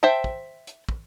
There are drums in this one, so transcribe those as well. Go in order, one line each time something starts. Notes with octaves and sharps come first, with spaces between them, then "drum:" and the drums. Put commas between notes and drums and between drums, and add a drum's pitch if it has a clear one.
C5 E5 G5 A5
drum: kick
drum: hi-hat
drum: kick